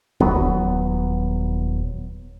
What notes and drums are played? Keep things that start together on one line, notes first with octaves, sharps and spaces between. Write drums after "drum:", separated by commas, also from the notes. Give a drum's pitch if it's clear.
D#1 E2 F#3 B3, drum: kick